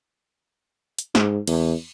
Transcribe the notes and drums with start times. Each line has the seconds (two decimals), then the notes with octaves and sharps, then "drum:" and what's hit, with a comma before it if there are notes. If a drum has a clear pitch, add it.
0.99 drum: hi-hat
1.15 G#2, drum: snare
1.47 E2, drum: cymbal